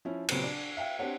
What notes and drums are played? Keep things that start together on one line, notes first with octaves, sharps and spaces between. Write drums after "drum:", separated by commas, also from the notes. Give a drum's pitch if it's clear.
F3 C#4 E4
A#2 C#3 F#3 B3 C4 G4, drum: cymbal
D4 D5
E5 F5 G5
C4 D4 G4 C#5 F#5